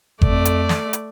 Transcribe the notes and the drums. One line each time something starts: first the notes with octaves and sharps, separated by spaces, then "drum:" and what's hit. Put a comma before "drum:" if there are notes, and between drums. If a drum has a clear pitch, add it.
F2 A3 D5, drum: kick G1
drum: hi-hat
drum: snare
drum: hi-hat